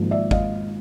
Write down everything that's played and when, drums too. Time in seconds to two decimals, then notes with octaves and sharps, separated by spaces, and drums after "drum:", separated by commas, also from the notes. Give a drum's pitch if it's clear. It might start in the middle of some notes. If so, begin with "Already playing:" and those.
Already playing: G#1 G#2 F3 A#3
0.11 D5 E5
0.31 D#5 F5, drum: kick G1